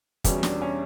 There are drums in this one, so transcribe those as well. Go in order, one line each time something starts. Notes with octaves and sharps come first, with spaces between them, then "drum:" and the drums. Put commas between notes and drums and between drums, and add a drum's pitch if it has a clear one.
E2 B2 G3 C#4, drum: kick, hi-hat
D4, drum: snare
C#4